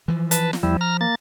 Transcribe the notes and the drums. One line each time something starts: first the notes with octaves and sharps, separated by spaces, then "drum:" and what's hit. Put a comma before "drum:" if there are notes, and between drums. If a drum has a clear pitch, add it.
E3 F3
B4 A5, drum: hi-hat
drum: snare
E2 F3 G3 E4
A#5 F6
A#3 A6